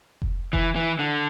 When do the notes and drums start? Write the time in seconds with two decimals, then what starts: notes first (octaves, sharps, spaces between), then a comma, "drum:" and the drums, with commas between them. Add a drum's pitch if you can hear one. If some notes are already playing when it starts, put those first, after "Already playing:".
0.22 drum: kick F1
0.53 E3, drum: kick F1
0.75 E3
0.99 D3